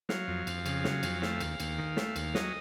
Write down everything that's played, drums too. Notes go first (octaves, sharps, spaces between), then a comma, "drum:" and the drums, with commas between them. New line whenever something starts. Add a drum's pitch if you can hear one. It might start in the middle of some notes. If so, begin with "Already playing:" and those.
F#3 F5, drum: snare
F2
F2, drum: cymbal
C#3, drum: cymbal
F#3, drum: snare
F2, drum: cymbal
A3 F5, drum: snare
D#2, drum: cymbal
D#2, drum: cymbal
D#3
A3, drum: snare
D#2, drum: cymbal
F#3 D#5, drum: snare